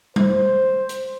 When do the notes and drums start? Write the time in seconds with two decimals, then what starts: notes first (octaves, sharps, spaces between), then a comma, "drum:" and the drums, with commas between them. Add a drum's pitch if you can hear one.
0.16 C5, drum: tom G3
0.89 drum: hi-hat